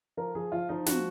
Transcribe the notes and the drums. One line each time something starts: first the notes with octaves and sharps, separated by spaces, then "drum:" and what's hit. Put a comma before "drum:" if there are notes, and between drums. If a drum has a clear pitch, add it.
F3 A#4
F3 G#4
F3 F4
F3 D#4
F3 F#4, drum: snare